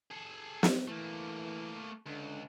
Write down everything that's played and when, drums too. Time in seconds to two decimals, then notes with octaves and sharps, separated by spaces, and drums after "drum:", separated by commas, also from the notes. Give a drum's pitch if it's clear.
0.11 G#4 A4
0.63 drum: snare
0.88 E3 A3 A#3
2.06 C#2 D3